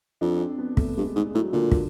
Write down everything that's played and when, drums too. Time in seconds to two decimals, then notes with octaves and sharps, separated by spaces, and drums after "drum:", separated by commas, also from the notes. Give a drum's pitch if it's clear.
0.21 F2 D4
0.41 C4
0.58 B3
0.77 A3, drum: kick
0.97 G2 G#3
1.16 G#2
1.34 A2 F#3
1.53 A#2 D3
1.72 drum: kick